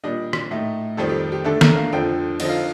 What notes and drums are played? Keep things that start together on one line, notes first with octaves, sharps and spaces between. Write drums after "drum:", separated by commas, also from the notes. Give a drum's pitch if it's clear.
A#2 G3 D4 D#5
drum: rim click
A2 A3 D#4
F2 D#3 G3 C4 A4
G4
G4
D3 A3 D4 A4
A#4, drum: snare
F5
F2 D3 F3 C4 G5
D3 F3 C4 D#4 D#5, drum: cymbal
F5